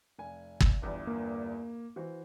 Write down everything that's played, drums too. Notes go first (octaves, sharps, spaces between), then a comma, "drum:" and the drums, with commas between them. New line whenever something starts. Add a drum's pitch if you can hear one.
F1 G#5
drum: kick
G1 E2 G2
A#3
E3 F#4 C5